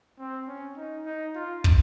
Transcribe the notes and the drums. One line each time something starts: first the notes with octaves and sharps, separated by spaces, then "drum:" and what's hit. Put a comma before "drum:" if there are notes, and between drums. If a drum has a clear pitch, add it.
C4
C#4
D#4
D#4
F4
drum: kick